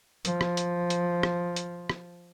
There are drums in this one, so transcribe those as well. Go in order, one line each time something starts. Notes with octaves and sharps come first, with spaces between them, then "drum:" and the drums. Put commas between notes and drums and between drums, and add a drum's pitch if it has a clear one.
F3, drum: hi-hat
drum: rim click
drum: hi-hat
drum: hi-hat
drum: rim click
drum: hi-hat
drum: rim click